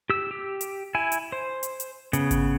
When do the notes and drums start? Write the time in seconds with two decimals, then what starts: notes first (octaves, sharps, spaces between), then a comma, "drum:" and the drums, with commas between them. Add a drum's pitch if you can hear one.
0.10 G4 E6
0.31 G4
0.61 drum: hi-hat
0.95 E4 G#5
1.12 drum: hi-hat
1.32 C5
1.63 drum: hi-hat
1.80 drum: hi-hat
2.13 C#3 B3, drum: hi-hat
2.31 drum: kick G#1, hi-hat